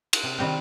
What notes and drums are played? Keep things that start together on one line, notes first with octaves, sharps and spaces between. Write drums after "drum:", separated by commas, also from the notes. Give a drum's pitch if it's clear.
drum: cymbal
C3
D#3 G3 C4 G4